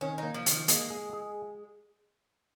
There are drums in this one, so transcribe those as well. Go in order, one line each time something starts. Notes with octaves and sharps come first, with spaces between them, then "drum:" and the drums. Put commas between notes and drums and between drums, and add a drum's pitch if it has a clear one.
D#3 C#4
A#3 D#4
F3
D#3 F3, drum: hi-hat
G#3 A#3, drum: hi-hat
G#4
G#4